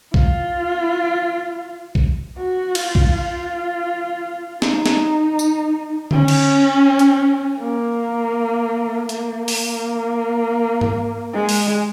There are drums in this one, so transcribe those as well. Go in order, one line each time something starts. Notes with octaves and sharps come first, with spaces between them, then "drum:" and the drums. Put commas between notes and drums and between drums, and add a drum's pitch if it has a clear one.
F4, drum: kick A#1
drum: kick A#1
F#4
F4, drum: cymbal
drum: kick A#1
F4
D#4, drum: snare
drum: snare
drum: tambourine
C#4, drum: tom D3
drum: cymbal
drum: hi-hat
A#3
A#3, drum: hi-hat
drum: open hi-hat
drum: tom G#2
G#3
drum: open hi-hat